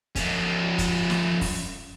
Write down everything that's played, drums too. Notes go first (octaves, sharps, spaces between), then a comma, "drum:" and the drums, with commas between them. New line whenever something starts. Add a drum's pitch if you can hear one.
F3 C#4, drum: kick, hi-hat
drum: kick, hi-hat
drum: snare
drum: kick, open hi-hat